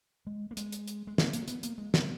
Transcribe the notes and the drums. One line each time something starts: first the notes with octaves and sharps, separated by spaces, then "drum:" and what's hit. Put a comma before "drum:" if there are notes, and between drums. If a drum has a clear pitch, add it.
G#3
A#3
G#3, drum: hi-hat
drum: hi-hat
drum: hi-hat
G#3
A#3, drum: snare
A#3, drum: hi-hat
B3, drum: hi-hat
A#3, drum: hi-hat
G#3
B3, drum: snare